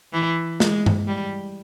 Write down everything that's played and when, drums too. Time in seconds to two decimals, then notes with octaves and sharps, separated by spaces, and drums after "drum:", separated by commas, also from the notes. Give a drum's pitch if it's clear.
0.13 E3
0.60 G#3, drum: snare
0.86 drum: tom G2
1.07 G3